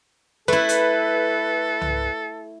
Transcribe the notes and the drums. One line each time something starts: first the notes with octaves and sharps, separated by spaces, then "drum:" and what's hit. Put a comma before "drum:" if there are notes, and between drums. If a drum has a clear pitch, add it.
A3 E4 A4 B4
drum: hi-hat
drum: tom C2